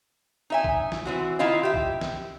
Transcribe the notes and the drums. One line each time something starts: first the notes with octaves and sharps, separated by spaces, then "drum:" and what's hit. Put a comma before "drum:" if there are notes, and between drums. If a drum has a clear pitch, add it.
D#4 E5 G#5
drum: kick B1
drum: snare
E3 C4 F#4
D#3 E4 F4 D#5 F5
G4 E5
drum: kick B1
drum: snare